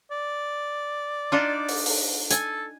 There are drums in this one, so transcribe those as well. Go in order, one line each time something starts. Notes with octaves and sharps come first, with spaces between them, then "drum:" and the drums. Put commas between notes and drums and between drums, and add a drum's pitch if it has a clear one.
D5
D4 D#4 F4
drum: open hi-hat
drum: open hi-hat
A4 G#5, drum: hi-hat